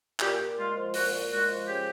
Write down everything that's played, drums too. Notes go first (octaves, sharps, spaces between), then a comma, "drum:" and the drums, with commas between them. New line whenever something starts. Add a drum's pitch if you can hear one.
A#2 G4, drum: clap
A#2
G#3 F4
F3
A#2 F#4, drum: open hi-hat
A#2
G#3 F#4
F3
C#3 G4